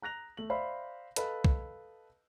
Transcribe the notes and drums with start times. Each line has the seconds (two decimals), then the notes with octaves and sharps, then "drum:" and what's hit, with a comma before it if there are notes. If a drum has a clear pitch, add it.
0.02 A#5 F#6 A#6 F7
0.37 A3 F#7
0.50 C5 D5 E5 F5 B5
1.16 A4 B4 D#5 F5, drum: hi-hat
1.45 drum: kick